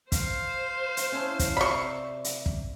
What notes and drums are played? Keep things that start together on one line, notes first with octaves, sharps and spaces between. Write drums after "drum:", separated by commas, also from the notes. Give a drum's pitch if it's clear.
C5 F5, drum: kick, hi-hat
drum: hi-hat
C#4 E4 A5
drum: kick, hi-hat
C3 D5 E5 B5 C#6
drum: hi-hat
drum: kick